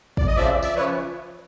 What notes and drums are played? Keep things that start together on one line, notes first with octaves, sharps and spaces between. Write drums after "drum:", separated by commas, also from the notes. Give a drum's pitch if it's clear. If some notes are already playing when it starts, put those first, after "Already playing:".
D5, drum: kick
D#5
F2 C#3 F3 D5 E5
D5 E5, drum: tambourine
C#3 F3 B4 C#5